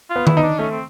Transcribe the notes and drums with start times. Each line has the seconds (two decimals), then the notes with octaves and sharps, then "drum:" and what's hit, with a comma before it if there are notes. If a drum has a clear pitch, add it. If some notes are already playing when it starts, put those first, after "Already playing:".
0.10 F4
0.16 B3
0.27 E4, drum: tom D#3
0.37 D#4
0.42 D4
0.59 A3 C#4
0.71 C4